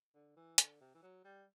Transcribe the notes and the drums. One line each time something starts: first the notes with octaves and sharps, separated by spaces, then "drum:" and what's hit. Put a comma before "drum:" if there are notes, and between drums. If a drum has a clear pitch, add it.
D3
E3
D3, drum: hi-hat
C3
E3
F#3
G3